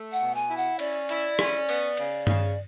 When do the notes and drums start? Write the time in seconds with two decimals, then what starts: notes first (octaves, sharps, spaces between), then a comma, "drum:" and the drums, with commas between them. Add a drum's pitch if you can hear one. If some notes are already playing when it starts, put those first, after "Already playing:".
Already playing: A3
0.12 F#5
0.21 B2
0.35 G#5
0.49 E4
0.57 F#5
0.79 C#4 D5, drum: cymbal
1.09 E4, drum: cymbal
1.39 C#4, drum: rim click
1.69 B3, drum: cymbal
1.97 C#3, drum: cymbal
2.27 C#3, drum: tom G2